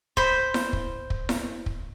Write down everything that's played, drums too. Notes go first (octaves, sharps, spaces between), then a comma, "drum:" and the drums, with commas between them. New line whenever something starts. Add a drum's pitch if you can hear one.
C5 B5, drum: kick
drum: snare E4
drum: kick
drum: kick
drum: snare E4
drum: kick